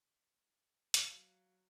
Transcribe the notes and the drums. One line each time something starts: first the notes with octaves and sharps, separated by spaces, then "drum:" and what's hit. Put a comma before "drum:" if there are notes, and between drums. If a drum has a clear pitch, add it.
drum: hi-hat
F#3 F5